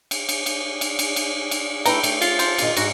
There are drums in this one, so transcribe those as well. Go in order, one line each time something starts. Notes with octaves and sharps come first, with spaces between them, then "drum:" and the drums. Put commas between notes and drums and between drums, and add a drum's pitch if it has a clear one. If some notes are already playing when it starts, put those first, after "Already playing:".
drum: cymbal
drum: cymbal
drum: cymbal
drum: cymbal
drum: cymbal
drum: cymbal
drum: cymbal
A3 E4 B4 G5 A#5, drum: cymbal
A3, drum: cymbal
F4, drum: cymbal
C5, drum: cymbal
F#2 A#2 D#3, drum: cymbal
G#2 F#4, drum: cymbal